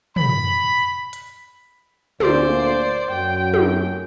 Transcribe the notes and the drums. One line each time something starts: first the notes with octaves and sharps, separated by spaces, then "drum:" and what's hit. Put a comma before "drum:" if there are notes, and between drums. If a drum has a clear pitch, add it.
B5, drum: tom
drum: hi-hat
D2 A#2 C5 D5, drum: tom
F#2 G5
drum: tom